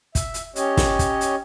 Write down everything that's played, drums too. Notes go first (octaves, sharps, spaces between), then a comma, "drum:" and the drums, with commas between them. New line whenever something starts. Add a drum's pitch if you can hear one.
E5, drum: kick, hi-hat
drum: hi-hat
C#4 G4 C#5 D#5, drum: hi-hat
drum: snare
drum: kick, hi-hat
drum: hi-hat